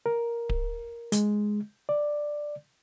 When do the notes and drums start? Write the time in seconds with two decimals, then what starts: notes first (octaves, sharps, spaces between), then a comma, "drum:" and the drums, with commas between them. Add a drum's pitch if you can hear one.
0.06 A#4
0.49 drum: kick D1
1.12 G#3, drum: hi-hat
1.89 D5